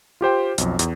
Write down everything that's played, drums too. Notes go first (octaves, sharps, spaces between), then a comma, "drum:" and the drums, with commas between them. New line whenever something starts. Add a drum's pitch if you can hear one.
F4 G4 C5 G5
B1 F2, drum: hi-hat
E2, drum: hi-hat